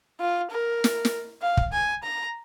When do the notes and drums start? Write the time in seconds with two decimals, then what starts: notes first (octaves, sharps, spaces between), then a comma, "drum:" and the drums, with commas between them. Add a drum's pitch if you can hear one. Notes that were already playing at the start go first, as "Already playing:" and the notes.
0.20 F4
0.51 A#4
0.84 drum: snare
1.05 drum: snare
1.42 F5
1.57 drum: kick
1.73 G#5
2.03 A#5